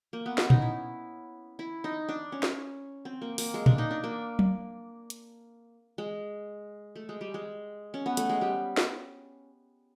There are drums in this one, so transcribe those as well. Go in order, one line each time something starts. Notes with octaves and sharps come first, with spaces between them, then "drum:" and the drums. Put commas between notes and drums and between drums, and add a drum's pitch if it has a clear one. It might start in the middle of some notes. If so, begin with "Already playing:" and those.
A#3
B3
C#4, drum: snare
D#4, drum: tom A#2
E4
E4
D#4
D4
C#4
drum: snare
C4
A#3
A#3, drum: open hi-hat
G#3
D4, drum: tom A#2
D#4
D4
A#3
drum: tom
drum: hi-hat
G#3
A3
G#3
G3
G#3
C#4
B3
A3, drum: hi-hat
G#3
G3
drum: snare